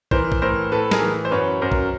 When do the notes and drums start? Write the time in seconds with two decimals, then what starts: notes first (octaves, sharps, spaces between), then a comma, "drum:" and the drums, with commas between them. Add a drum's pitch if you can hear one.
0.11 E3 A#4 C5, drum: kick
0.32 drum: kick
0.42 A2 A#4 C5
0.72 A2 A4 B4
0.91 G#4 A#4, drum: snare
1.01 E3
1.25 C5
1.31 F#2 B4 C#5
1.62 F#2 A#4 C5
1.72 drum: kick